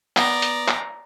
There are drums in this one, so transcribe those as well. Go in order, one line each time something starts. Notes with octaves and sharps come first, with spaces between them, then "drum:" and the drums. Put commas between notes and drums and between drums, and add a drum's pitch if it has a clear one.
B3 D5 A#5, drum: clap
drum: hi-hat
drum: clap